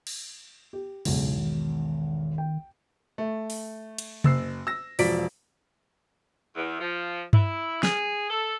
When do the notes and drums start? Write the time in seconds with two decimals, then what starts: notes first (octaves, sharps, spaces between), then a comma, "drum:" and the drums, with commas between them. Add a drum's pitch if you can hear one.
0.07 drum: cymbal
0.73 G4
1.05 B1 E2 G#2 C#3, drum: cymbal
1.38 D#3
2.38 G5
3.18 A3
3.50 drum: open hi-hat
3.98 drum: cymbal
4.24 F#1 E6 C7, drum: tom C3
4.67 E6 A#6
4.99 E1 F3 D5 B6 D7, drum: open hi-hat
6.54 E2
6.80 F3
7.33 E4, drum: tom G2
7.83 G#4, drum: snare
8.30 A4